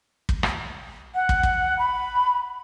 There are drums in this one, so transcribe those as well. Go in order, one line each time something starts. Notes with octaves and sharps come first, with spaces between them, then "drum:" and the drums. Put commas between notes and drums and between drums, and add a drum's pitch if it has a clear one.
drum: kick
drum: rim click
F#5
drum: kick
drum: kick
B5